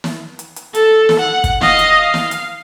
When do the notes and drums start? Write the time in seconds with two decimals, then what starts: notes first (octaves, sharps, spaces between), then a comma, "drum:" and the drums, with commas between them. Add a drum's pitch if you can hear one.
0.04 drum: snare
0.39 drum: hi-hat
0.56 drum: hi-hat
0.75 A4, drum: hi-hat
1.09 drum: snare
1.20 F#5
1.44 drum: kick, hi-hat
1.61 D#5 F5, drum: snare
1.79 drum: hi-hat
2.01 F5
2.14 drum: snare
2.31 drum: hi-hat